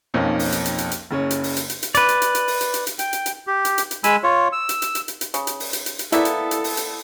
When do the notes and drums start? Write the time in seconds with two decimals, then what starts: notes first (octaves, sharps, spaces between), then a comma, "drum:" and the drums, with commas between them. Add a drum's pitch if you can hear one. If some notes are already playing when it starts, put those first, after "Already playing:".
0.14 B1 F2 F3 A#3 C#4 D#4
0.39 drum: open hi-hat
0.52 drum: hi-hat
0.65 drum: hi-hat
0.78 drum: hi-hat
0.91 drum: hi-hat
1.11 F#1 C#3 C#5
1.31 drum: hi-hat
1.44 drum: open hi-hat
1.57 drum: hi-hat
1.70 drum: hi-hat
1.83 drum: hi-hat
1.95 B4 D5, drum: hi-hat
2.09 drum: hi-hat
2.22 drum: hi-hat
2.35 drum: hi-hat
2.48 drum: open hi-hat
2.61 drum: hi-hat
2.74 drum: hi-hat
2.87 drum: hi-hat
2.99 G5, drum: hi-hat
3.13 drum: hi-hat
3.26 drum: hi-hat
3.47 G4
3.65 drum: hi-hat
3.78 drum: hi-hat
3.91 drum: hi-hat
4.04 G#3 G#5 B5 E6, drum: hi-hat
4.23 F4 C#5
4.52 E6
4.69 drum: hi-hat
4.82 drum: hi-hat
4.95 drum: hi-hat
5.08 drum: hi-hat
5.21 drum: hi-hat
5.34 C#3, drum: hi-hat
5.47 drum: hi-hat
5.60 drum: open hi-hat
5.73 drum: hi-hat
5.86 drum: hi-hat
5.99 drum: hi-hat
6.12 A#3 B3 E4 A4 D5 E5 F5, drum: hi-hat
6.25 drum: hi-hat
6.51 drum: hi-hat
6.64 drum: open hi-hat
6.77 drum: hi-hat